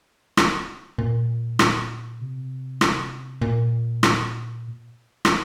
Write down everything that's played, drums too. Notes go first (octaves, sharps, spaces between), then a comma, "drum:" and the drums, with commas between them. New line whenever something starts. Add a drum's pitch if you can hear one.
drum: rim click
A#2
drum: rim click
C3
drum: rim click
A#2
drum: rim click
drum: rim click